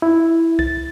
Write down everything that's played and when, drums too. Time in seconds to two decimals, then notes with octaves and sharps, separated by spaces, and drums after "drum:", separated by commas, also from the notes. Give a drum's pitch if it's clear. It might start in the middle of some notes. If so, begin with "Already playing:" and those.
0.02 E4
0.59 A6, drum: kick